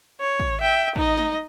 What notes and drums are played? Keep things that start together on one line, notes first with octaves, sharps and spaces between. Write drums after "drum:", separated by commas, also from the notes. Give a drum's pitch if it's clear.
C#5
drum: kick
E5 G5
D#4 D#5, drum: kick
drum: snare